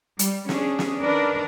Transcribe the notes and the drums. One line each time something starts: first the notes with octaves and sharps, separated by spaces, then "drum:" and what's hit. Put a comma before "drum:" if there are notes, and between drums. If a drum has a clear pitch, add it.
G3, drum: hi-hat
C#4 D4 G#4, drum: snare
drum: snare
D#3 D4 A#4 B4 D5